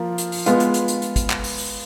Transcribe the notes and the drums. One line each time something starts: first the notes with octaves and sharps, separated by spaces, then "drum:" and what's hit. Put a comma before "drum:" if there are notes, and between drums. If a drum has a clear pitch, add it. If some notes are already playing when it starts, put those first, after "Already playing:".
Already playing: F3 A#3 F4 A#4
drum: hi-hat
drum: open hi-hat
G#3 B3 F4, drum: hi-hat
drum: hi-hat
drum: hi-hat
drum: hi-hat
drum: hi-hat
drum: kick, hi-hat
drum: clap
drum: open hi-hat
drum: open hi-hat